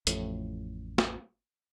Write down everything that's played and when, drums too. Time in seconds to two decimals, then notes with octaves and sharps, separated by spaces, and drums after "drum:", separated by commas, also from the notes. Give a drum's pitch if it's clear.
0.07 A1 F2 A2, drum: hi-hat
0.98 drum: snare